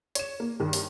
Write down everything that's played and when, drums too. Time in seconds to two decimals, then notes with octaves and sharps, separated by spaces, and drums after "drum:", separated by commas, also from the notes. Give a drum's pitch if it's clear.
0.15 C#5 E7, drum: hi-hat
0.40 A#3
0.60 G2 D#3
0.73 drum: open hi-hat